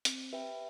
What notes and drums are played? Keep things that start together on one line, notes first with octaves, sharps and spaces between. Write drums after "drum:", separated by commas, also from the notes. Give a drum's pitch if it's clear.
C4, drum: hi-hat
G4 B4 E5 G5